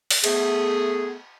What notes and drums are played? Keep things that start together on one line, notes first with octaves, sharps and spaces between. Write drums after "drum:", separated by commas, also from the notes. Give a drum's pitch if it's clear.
drum: open hi-hat
A3 B3 G#4, drum: cymbal